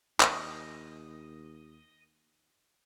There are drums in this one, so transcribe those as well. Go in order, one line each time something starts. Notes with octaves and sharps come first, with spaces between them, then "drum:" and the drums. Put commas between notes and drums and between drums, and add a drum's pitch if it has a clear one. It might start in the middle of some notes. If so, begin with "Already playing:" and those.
D#2 D#5, drum: clap